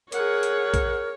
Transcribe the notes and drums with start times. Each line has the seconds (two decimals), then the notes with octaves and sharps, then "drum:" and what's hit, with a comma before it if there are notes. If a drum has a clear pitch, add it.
0.12 G#4 A#4 C#5 F#5, drum: hi-hat
0.43 drum: hi-hat
0.74 drum: kick A#1, hi-hat